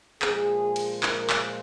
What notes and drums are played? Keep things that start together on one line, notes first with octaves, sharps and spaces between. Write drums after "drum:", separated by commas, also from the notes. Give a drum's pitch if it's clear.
A#2 F3 G#3 G#4, drum: clap
drum: cymbal
A#4, drum: clap
drum: clap